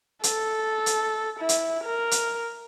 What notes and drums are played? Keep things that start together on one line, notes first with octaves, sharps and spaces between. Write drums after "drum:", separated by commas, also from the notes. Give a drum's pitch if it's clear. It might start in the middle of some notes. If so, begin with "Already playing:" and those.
A4, drum: hi-hat
drum: hi-hat
E4
drum: hi-hat
A#4
drum: hi-hat